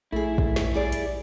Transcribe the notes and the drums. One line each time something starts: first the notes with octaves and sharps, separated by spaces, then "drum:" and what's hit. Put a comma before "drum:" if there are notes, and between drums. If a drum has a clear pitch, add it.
A#1 A3 E4 G#4
drum: kick
drum: snare
G3 G#4 D5
drum: hi-hat